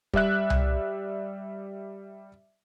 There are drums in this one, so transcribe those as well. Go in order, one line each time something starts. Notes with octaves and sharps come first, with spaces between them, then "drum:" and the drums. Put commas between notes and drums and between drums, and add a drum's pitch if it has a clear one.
G3 D5 E5 F#6, drum: kick
drum: tom C2